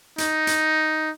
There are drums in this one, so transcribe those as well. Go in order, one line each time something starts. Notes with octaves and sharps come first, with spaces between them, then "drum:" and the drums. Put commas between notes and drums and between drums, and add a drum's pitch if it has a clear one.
D#4, drum: hi-hat
drum: hi-hat